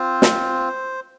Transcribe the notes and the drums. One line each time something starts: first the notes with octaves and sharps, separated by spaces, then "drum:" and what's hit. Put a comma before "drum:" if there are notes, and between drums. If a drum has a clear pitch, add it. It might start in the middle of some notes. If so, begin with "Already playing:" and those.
Already playing: C4 F4 C5
drum: snare